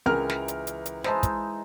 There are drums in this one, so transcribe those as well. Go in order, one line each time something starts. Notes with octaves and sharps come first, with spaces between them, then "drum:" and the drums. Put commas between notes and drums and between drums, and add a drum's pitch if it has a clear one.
C#2 E3 A#4 F6
drum: snare
drum: hi-hat
drum: hi-hat
drum: hi-hat
G#3 D#4 E4 C5 A5, drum: snare
drum: kick, hi-hat